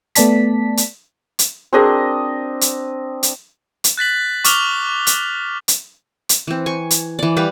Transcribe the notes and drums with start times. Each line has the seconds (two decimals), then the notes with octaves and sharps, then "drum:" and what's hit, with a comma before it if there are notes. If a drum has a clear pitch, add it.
0.15 A3 B3 D5 A5 B6, drum: hi-hat
0.77 drum: hi-hat
1.39 drum: hi-hat
1.73 C4 D4 F#4 G#4 A#4 D#5
2.61 drum: hi-hat
3.23 drum: hi-hat
3.84 drum: hi-hat
3.97 F#6 A6 B6 F#7
4.44 C#6 D6 F6 F7 G7, drum: hi-hat
5.07 drum: hi-hat
5.68 drum: hi-hat
6.29 drum: hi-hat
6.47 E3 C4
6.66 G#5 C#6
6.91 drum: hi-hat
7.19 E3 D5
7.37 G3 B4 F5